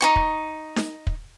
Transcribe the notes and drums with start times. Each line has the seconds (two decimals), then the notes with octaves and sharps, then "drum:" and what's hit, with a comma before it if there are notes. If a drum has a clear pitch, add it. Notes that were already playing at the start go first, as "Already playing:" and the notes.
0.01 D#4 F#4 C#6
0.16 drum: kick
0.76 drum: snare D#4
1.07 drum: kick